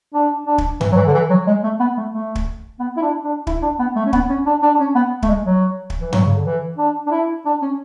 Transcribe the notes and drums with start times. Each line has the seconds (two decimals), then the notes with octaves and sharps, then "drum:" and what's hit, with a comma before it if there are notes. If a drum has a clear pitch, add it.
0.14 D4
0.47 D4
0.58 drum: kick
0.81 E3, drum: tom G2
0.92 F#3
0.97 E3
1.07 D3
1.14 E3
1.30 F#3
1.47 G#3
1.63 A3
1.80 B3
1.97 A3
2.14 A3
2.35 drum: kick
2.80 B3
2.97 E4
3.02 D4
3.25 D4
3.47 E4, drum: kick
3.62 D4
3.79 B3
3.96 A3
4.06 C#4
4.13 B3, drum: kick
4.29 C#4
4.46 D4
4.62 D4
4.75 D4
4.79 C#4
4.95 B3
5.22 A3, drum: kick
5.28 G#3
5.45 F#3
5.90 drum: kick
6.01 E3
6.13 F#3, drum: tom G2
6.25 C#3
6.34 D3
6.46 E3
6.78 D4
7.07 D4
7.11 E4
7.45 D4
7.62 C#4